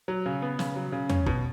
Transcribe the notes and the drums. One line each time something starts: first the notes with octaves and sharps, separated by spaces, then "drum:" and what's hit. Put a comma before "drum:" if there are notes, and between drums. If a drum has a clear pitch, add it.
F#3
C#3
B3
C#3, drum: snare
F#3
C#3
C#4, drum: tom E2
B2, drum: kick